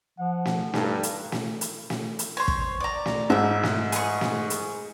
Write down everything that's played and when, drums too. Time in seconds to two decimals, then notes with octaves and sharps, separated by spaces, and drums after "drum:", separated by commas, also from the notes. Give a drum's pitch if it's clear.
0.19 F3 F#5
0.45 drum: snare
0.74 G2 D#4 A4, drum: snare
1.03 drum: hi-hat
1.32 drum: snare
1.61 drum: hi-hat
1.90 drum: snare
2.19 drum: hi-hat
2.37 C5 C#5
2.48 drum: kick
2.80 D5 A#5
3.06 drum: snare
3.30 G#2 E4 E5
3.63 drum: snare
3.92 G#4 C#6, drum: hi-hat
4.21 drum: snare
4.50 drum: hi-hat